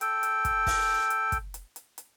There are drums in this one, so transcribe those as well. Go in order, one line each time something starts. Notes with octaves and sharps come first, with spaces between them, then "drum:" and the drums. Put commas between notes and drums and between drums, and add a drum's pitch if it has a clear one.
A4 G5, drum: hi-hat
drum: hi-hat
drum: kick, hi-hat
drum: kick, open hi-hat
drum: hi-hat
drum: kick, hi-hat
drum: hi-hat
drum: hi-hat
drum: hi-hat